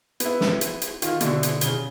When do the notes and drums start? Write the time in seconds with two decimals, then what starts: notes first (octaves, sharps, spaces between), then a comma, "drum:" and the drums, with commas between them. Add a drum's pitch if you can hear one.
0.20 B3 E4, drum: hi-hat
0.41 drum: snare
0.61 drum: hi-hat
0.82 drum: hi-hat
1.02 D#3 F4, drum: hi-hat
1.21 B2 D3 D4 E4, drum: hi-hat
1.43 drum: hi-hat
1.61 C#3 G7, drum: hi-hat